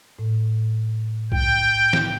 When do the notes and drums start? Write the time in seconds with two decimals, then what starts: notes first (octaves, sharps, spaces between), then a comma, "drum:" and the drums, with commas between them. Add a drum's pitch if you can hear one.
0.19 A2
1.32 G5, drum: kick B1
1.93 drum: snare